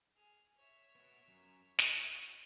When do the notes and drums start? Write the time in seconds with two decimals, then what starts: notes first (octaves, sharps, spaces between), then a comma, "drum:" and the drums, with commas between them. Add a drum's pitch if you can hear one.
0.15 G#4 F6
0.57 C#5 E5
0.96 B3 F#4
1.28 F#2
1.79 F#4 C#5, drum: snare